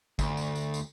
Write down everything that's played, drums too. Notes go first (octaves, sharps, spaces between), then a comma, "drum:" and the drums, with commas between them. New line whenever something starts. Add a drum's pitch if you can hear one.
D2, drum: kick, tambourine
drum: tambourine
drum: tambourine
drum: tambourine